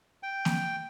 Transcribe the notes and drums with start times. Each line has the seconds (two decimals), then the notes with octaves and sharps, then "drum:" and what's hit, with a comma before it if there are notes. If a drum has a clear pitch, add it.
0.23 G5
0.45 drum: snare A#3